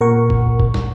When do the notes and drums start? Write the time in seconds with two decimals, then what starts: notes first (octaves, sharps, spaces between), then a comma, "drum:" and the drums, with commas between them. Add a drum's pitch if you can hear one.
0.01 A#2 A#4 F#5 C#6
0.30 drum: kick
0.60 drum: kick
0.74 drum: snare